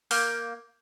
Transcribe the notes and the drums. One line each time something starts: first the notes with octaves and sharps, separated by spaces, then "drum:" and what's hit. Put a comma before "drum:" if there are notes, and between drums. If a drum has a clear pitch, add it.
A#3 F6 G6, drum: open hi-hat